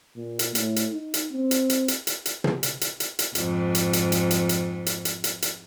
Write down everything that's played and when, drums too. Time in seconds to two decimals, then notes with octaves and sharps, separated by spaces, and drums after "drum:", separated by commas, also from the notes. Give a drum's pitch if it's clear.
0.17 A#2
0.39 drum: hi-hat
0.55 A2, drum: hi-hat
0.76 drum: hi-hat
0.92 D#4
1.14 drum: hi-hat
1.32 C4
1.51 drum: hi-hat
1.70 drum: hi-hat
1.88 drum: hi-hat
2.07 drum: hi-hat
2.25 drum: hi-hat
2.44 drum: tom
2.63 drum: hi-hat
2.81 drum: hi-hat
3.00 drum: hi-hat
3.19 drum: hi-hat
3.35 F2 G#2, drum: hi-hat
3.75 drum: hi-hat
3.93 drum: hi-hat
4.12 drum: hi-hat
4.31 drum: hi-hat
4.49 drum: hi-hat
4.86 drum: hi-hat
5.05 drum: hi-hat
5.24 drum: hi-hat
5.42 drum: hi-hat